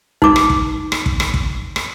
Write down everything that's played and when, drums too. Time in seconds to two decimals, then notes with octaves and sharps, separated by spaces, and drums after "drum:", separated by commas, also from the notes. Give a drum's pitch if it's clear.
0.22 D#4 D6, drum: kick
0.36 drum: rim click
0.50 drum: kick
0.92 drum: rim click
1.06 drum: kick
1.20 drum: rim click
1.34 drum: kick
1.76 drum: rim click